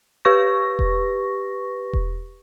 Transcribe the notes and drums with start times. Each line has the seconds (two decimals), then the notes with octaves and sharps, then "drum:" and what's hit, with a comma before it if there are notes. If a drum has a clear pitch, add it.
0.25 G4 B4 C#6 A#6
0.79 drum: kick E1
1.93 drum: kick E1